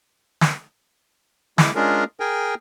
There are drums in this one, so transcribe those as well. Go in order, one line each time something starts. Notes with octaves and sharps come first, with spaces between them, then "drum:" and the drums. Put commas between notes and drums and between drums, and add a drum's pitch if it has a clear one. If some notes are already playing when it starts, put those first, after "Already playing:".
drum: snare
G#3 E4 D6, drum: snare
G#3 C#4 D4 F4 G#4 A#4
G#4 A#4 G5 G#5